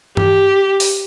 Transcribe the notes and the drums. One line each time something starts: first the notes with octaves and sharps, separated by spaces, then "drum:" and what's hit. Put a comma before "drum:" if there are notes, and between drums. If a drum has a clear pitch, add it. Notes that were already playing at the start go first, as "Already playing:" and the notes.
G4, drum: tom G2
drum: open hi-hat